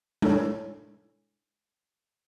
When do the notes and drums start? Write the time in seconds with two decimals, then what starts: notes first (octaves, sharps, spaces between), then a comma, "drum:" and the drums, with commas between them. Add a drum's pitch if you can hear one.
0.22 D4 E4 A4 C#5, drum: tom G#3